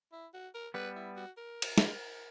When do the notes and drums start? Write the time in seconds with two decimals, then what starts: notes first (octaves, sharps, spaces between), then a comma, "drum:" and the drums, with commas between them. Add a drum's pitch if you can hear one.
0.12 E4
0.34 F#4
0.54 A#4
0.74 G3 B3 B4
0.96 E4
1.16 F#4
1.37 A#4
1.62 drum: cymbal
1.78 drum: snare